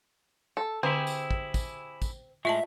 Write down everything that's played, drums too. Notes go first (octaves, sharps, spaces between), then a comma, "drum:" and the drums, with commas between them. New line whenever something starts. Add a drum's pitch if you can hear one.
A4
D3 C4 E4 G4 G#4
drum: tambourine
drum: kick
drum: kick, tambourine
drum: kick, tambourine
A2 G#3 F4 D#5 E5 A5